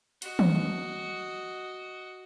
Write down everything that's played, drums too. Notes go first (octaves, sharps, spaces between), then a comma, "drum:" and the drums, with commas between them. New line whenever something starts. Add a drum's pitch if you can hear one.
F#4 D#5, drum: hi-hat
drum: tom